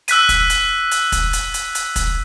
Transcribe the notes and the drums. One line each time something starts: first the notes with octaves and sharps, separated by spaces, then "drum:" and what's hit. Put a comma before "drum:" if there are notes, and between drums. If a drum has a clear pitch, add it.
E6 F#6 B6 D#7, drum: hi-hat
drum: kick, hi-hat
drum: hi-hat
drum: hi-hat
drum: kick, hi-hat
drum: hi-hat
drum: hi-hat
drum: hi-hat
drum: kick, hi-hat